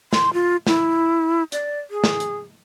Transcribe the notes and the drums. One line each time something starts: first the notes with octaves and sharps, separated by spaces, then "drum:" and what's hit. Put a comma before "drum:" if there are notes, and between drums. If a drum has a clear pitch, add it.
C6, drum: snare
F4
E4, drum: snare
D5, drum: hi-hat
G#4
drum: snare
drum: hi-hat